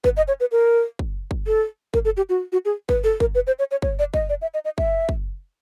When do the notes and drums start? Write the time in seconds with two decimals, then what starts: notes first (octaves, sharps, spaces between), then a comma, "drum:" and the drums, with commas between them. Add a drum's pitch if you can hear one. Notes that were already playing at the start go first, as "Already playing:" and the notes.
0.04 B4, drum: kick
0.17 D#5
0.28 C#5
0.40 B4
0.52 A#4
0.99 drum: kick
1.31 drum: kick
1.47 A4
1.94 A#4, drum: kick
2.05 A4
2.17 G4
2.29 F#4
2.52 F#4
2.65 G#4
2.89 B4, drum: kick
3.04 A4
3.20 A#4, drum: kick
3.35 B4
3.47 C5
3.59 C#5
3.71 C#5
3.82 C#5, drum: kick
3.99 D5
4.14 D#5, drum: kick
4.29 D5
4.42 E5
4.54 D#5
4.65 D#5
4.78 E5, drum: kick
5.09 drum: kick